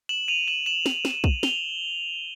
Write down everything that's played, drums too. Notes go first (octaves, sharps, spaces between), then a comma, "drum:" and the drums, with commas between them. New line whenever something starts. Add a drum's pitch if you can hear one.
E7 F#7
D#7 F7
E7 F#7
E7 F#7
drum: snare
drum: snare
drum: kick
F7 G7, drum: snare